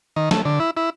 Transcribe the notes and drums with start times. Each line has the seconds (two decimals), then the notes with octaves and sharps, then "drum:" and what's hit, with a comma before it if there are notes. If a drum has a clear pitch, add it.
0.16 D#3
0.31 A3, drum: snare
0.45 D3
0.60 E4
0.77 E4